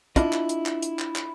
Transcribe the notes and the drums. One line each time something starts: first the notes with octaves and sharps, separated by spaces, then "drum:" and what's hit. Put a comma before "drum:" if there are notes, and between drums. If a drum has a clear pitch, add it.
D4 E4 F4 D#5, drum: kick, hi-hat
drum: clap
drum: hi-hat
drum: clap
drum: hi-hat
drum: clap
drum: clap